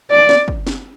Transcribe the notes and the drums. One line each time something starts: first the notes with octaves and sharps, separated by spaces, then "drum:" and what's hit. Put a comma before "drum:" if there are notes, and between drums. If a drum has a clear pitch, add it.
D5
drum: snare
drum: kick
drum: snare